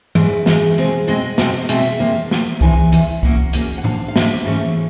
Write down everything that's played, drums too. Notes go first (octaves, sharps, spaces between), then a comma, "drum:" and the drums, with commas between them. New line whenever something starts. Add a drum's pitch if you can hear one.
G#2 E3 G#3 B4, drum: tom E3
G#2 E3 G#3, drum: snare
B2 G#3 C4
B2 G#3 C4 D#5
B2 G#3 C4, drum: snare
B2 G#3 C4 E5, drum: hi-hat
C3 F3 A#3 F5
C3 F3 A#3, drum: snare
E2 C3 E3 G#5, drum: kick C2
E2 C3 E3, drum: hi-hat
B2 F#3 A#3 C#4 F#5, drum: kick C2
B2 F#3 A#3 C#4, drum: hi-hat
F#5
G#2 F3 A#3 D4 F5, drum: tom A2
F5
G#2 F3 A#3 D4 E5, drum: snare
G#2 E3 A3 C#4